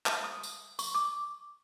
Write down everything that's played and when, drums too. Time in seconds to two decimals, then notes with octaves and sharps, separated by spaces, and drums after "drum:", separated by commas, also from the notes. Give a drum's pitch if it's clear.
0.06 A5, drum: clap
0.24 D#6
0.43 drum: tambourine
0.79 C#6, drum: tambourine
0.94 D6